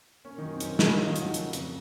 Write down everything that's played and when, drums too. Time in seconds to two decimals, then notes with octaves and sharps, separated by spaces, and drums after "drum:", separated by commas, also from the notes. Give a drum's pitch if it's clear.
0.25 A#3 C#4
0.38 F#2 D#3 D#4
0.52 C4
0.60 F#2 C#4, drum: hi-hat
0.79 D#3 F3 D#4, drum: snare
0.94 A2 F3 F4
1.07 D#3 D#4
1.16 A3, drum: hi-hat
1.21 F#3 F#4
1.34 C#3, drum: hi-hat
1.53 F2, drum: hi-hat